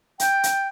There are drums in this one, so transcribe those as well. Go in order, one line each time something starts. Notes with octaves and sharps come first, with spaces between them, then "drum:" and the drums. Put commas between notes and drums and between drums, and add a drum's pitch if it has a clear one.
G5, drum: hi-hat
drum: hi-hat